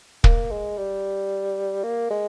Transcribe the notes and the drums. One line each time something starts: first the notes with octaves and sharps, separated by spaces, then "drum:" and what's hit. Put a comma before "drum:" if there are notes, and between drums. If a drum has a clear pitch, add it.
A#3, drum: kick
G#3
G3
A#3
G#3